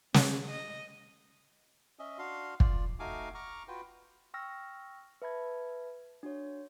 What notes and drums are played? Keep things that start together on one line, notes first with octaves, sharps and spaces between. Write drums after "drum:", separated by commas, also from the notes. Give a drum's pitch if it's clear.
C#3, drum: snare
D#5
C#4 D#5 E5
D4 F#4 F5 C6
F4 D5, drum: kick
A3 D#4 F#4 F5 G#5 D6
A#5 C#6 D6 F6
F4 F#4 B4 G5
G5 C#6 E6 F6 A#6
B4 E5 A5 B5 G#6
D4 F#4 C#5